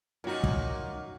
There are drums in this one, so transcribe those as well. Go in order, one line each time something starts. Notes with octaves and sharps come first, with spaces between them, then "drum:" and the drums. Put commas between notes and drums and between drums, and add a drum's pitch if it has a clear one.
F#2 A#2 D#4 F#4
drum: kick